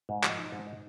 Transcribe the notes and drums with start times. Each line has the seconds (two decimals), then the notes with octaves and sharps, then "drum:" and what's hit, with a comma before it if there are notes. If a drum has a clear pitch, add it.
0.09 G#2
0.24 F3, drum: clap
0.39 D#4
0.52 G#2
0.67 D#4